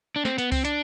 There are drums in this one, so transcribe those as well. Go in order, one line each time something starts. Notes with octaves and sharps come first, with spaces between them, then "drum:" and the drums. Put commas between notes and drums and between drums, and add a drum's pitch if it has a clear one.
D4
C4, drum: snare
B3, drum: hi-hat
C4, drum: kick C2, open hi-hat
D4, drum: hi-hat